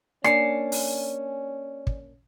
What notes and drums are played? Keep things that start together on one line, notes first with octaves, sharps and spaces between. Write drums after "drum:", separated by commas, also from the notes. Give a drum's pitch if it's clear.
A#3 C#4 D4 D5 G#5 C7 C#7, drum: rim click
drum: open hi-hat
drum: kick